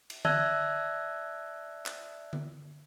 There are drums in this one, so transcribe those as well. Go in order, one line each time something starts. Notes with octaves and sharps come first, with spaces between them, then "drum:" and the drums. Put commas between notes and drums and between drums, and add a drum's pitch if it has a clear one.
drum: cymbal
D5 E5 A5 E6 F#6 G#6, drum: tom D3
drum: clap
drum: tom D3